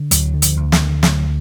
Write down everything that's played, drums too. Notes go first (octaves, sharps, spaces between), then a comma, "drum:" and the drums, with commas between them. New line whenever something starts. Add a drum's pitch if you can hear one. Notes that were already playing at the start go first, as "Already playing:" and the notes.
Already playing: D3
D2 F#3, drum: hi-hat
D3
F3, drum: hi-hat
D2
D#3, drum: snare
D3
D2 F#3, drum: snare